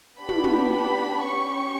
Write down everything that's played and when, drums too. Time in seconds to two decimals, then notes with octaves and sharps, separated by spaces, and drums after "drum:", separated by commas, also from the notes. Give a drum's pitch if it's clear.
0.19 B3 D4 G4 B5
0.29 drum: tom
0.44 drum: tom
0.71 B5
1.25 C#4 G4 C#6